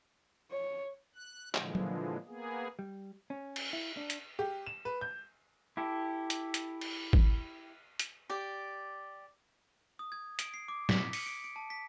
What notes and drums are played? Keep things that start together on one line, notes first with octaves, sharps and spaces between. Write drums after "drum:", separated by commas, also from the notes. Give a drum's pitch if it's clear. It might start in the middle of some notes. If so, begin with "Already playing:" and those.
C#5
F#6
A#2 D3 E3 F3 G#3, drum: clap
drum: tom F#3
A#3 B3 G#4
G3
C#4
drum: cymbal
E4
D4
drum: hi-hat
G4
E7
B4
G6
E4 G4 A4
drum: hi-hat
drum: hi-hat
drum: cymbal
drum: kick G#1
drum: hi-hat
G4 D5
D#6
G#6
D7, drum: hi-hat
C7
D6
B6, drum: snare
C#7, drum: open hi-hat
D7
D7
A5
B6